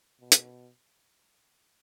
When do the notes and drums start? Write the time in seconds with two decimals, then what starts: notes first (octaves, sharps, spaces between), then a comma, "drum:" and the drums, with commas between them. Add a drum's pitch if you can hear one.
0.20 B2
0.32 drum: hi-hat